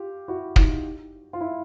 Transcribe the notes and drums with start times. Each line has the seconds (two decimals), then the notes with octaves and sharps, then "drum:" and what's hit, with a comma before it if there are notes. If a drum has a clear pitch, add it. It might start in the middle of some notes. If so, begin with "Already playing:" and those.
Already playing: F4 G4
0.28 E4 F#4
0.56 D#4 F4, drum: kick
1.33 F4
1.41 E4